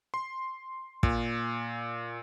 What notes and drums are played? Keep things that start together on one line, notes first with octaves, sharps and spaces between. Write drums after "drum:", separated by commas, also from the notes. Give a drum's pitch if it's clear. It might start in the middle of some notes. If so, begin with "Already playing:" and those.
C6
A#2, drum: kick